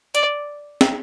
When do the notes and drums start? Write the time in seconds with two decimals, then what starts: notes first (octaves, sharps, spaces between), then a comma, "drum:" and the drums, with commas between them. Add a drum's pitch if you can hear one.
0.15 D5, drum: hi-hat
0.81 drum: snare